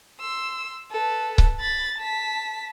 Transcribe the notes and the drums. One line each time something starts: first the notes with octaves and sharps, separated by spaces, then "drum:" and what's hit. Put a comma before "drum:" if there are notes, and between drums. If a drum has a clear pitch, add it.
C6 E6
A4 B4
drum: kick C#1
B5 A6
A5 B6